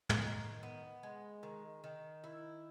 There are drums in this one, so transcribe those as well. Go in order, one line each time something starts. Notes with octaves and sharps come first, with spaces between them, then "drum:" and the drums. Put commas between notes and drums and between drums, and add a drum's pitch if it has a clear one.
drum: tom
D#3
B3
G#3
D#3
D#3
E4